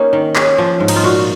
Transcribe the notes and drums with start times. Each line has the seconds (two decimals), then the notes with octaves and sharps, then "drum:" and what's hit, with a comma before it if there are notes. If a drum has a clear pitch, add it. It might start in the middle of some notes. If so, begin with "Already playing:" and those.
Already playing: A#3 C#4 D#4
0.13 D#3
0.36 C#4, drum: clap
0.58 F3
0.80 G#2
0.88 D#4, drum: cymbal
0.96 F4
1.03 A#2 F#4